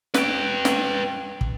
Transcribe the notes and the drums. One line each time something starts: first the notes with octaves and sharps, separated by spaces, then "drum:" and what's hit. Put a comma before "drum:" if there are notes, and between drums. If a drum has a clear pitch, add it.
B4 G5, drum: snare
drum: snare
drum: kick